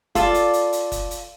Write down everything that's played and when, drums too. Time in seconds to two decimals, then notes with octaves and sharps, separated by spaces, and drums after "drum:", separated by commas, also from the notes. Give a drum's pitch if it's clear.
0.15 F4 A4 D5, drum: kick F#1, hi-hat
0.34 drum: hi-hat
0.53 drum: hi-hat
0.73 drum: hi-hat
0.92 drum: kick F#1, hi-hat
1.11 drum: hi-hat